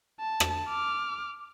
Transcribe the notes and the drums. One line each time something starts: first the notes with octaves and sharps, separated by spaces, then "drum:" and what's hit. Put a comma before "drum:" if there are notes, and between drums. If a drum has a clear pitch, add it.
A5
drum: rim click
D6 F6